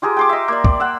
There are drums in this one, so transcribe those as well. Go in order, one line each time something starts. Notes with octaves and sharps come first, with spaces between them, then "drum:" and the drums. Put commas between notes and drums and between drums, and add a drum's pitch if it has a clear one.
F4 G4 G#4 A#4
G5 C6 D6
D#5 E5
A#3 D5
D5, drum: kick
F#5 E6